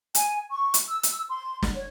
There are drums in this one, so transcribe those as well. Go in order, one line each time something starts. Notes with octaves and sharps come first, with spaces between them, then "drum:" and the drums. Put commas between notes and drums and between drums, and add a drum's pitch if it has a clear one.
G#5, drum: hi-hat
C#6
drum: hi-hat
E6
drum: hi-hat
C6
drum: snare
C#5